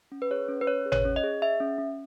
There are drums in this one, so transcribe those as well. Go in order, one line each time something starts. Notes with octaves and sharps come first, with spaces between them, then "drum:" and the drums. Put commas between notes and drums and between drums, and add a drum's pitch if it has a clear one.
C#4
B4
G#4 C#5
C#4
B4
C#4 C#5
G#4
C#5, drum: tom G#1
C#4
D#5
G#4
G#4 E5
C#4
C#4